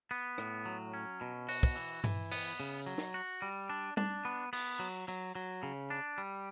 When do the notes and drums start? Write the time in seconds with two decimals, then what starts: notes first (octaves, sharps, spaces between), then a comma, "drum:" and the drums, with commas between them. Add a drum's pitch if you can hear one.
0.11 B3
0.38 A2, drum: rim click
0.66 F#3
0.94 C#4
1.21 B2
1.49 F#4, drum: open hi-hat
1.63 drum: kick
1.76 E3
2.04 E3, drum: tom G2
2.32 B3, drum: open hi-hat
2.60 C#3
2.87 F#3
2.98 drum: snare
3.14 F#4
3.42 G3
3.70 D4
3.97 D4, drum: tom G3
4.25 B3
4.53 B3, drum: cymbal
4.79 F#3
5.08 F#3, drum: hi-hat
5.35 F#3
5.63 C#3
5.90 D4
6.18 G3